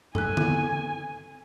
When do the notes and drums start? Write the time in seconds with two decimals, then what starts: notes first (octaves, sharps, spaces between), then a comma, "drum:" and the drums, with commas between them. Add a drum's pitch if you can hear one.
0.15 A4 G#5 F#6, drum: tom
0.37 drum: tom D3